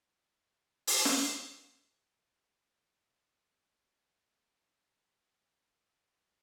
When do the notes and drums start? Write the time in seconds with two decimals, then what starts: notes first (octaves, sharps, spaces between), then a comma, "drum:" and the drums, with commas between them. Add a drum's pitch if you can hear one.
0.25 A#3 E4
0.87 drum: open hi-hat
1.05 drum: snare
2.73 A#3
2.92 D#3
3.13 F2
3.29 G3
4.41 E5 F#5 G#5 B5 D#6 F#6